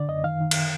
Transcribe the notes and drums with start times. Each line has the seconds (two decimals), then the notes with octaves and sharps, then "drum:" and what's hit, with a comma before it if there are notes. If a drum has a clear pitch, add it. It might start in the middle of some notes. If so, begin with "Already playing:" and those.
Already playing: D3 D5
0.08 F#2 D#5
0.24 D#3 F5
0.40 D#3
0.51 drum: cymbal